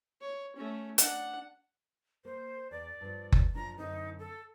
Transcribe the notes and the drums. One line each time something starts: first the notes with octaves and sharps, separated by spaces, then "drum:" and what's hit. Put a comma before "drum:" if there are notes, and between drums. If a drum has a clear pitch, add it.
C#5
A3 C#4
D4 F#5, drum: hi-hat
A#3 C5
E2 D5
G2 F3
drum: kick F#1
F#2 F3 D4 A#5
F#2 D3 C4 D#4
A4